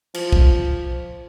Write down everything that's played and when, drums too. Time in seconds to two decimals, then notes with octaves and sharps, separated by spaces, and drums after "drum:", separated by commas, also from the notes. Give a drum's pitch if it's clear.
0.14 F3, drum: cymbal
0.32 drum: kick